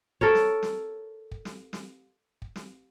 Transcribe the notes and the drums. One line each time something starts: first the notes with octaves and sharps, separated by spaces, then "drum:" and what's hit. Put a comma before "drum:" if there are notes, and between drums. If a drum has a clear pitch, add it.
A4 A#4 C#5, drum: kick
drum: snare
drum: snare
drum: kick
drum: snare
drum: snare
drum: kick
drum: snare